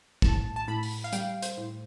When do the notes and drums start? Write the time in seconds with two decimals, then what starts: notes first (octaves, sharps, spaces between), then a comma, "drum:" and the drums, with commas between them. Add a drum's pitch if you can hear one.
0.22 A2 A5, drum: kick
0.56 A5
0.68 A2 B5
0.83 drum: open hi-hat
1.04 F5
1.13 G3 G5, drum: hi-hat
1.42 C5, drum: hi-hat
1.58 A2